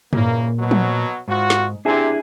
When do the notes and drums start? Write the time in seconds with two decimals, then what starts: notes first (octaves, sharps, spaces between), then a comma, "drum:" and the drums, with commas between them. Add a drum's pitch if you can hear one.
0.13 A#2 C#3 E3 A#3, drum: tom G2
0.59 B2 F#3
0.71 drum: tom F3
1.28 G#1 G#2 F4 F#4
1.50 drum: snare
1.85 C3 D4 E4 G#4